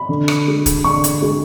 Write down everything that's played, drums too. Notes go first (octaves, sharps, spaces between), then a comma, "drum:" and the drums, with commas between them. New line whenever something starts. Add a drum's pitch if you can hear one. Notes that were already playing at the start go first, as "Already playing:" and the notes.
Already playing: B5
D3
drum: rim click
G#3
drum: kick, hi-hat
D3 C#6
drum: hi-hat
G#3